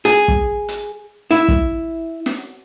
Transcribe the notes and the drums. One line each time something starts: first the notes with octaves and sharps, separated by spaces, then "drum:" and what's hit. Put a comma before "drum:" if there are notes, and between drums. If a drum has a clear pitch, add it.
G#4, drum: hi-hat
drum: kick
drum: hi-hat
E4
drum: kick
drum: snare